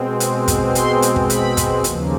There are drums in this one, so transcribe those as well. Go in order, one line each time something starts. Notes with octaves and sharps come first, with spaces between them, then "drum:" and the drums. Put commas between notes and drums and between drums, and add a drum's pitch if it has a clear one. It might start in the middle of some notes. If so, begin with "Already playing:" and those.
Already playing: B2 G#3 C4
drum: hi-hat
drum: kick, hi-hat
C6, drum: hi-hat
drum: hi-hat
drum: kick
B5, drum: hi-hat
drum: kick, hi-hat
D#2 C#3 F3 A#3, drum: hi-hat